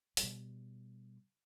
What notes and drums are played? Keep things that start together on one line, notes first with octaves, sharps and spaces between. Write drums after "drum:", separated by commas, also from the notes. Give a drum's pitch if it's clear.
B2 G3, drum: open hi-hat